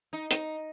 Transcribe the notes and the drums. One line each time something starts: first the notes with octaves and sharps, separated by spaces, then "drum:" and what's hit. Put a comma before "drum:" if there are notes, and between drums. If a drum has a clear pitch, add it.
D#4
D#4, drum: hi-hat